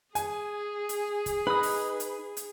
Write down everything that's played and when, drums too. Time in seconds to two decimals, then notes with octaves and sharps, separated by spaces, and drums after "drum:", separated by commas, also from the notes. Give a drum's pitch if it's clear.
0.15 G#4 G#5, drum: hi-hat
0.89 drum: hi-hat
1.26 drum: kick, hi-hat
1.47 D#4 B4 D#5 B5
1.63 drum: open hi-hat
2.00 drum: hi-hat
2.37 drum: hi-hat